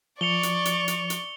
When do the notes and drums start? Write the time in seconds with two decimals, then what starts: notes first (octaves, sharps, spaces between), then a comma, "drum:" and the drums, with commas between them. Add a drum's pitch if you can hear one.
0.21 F3 D5 C#6 C#7 F7 G7
0.43 drum: hi-hat
0.65 drum: hi-hat
0.88 drum: hi-hat
1.10 drum: hi-hat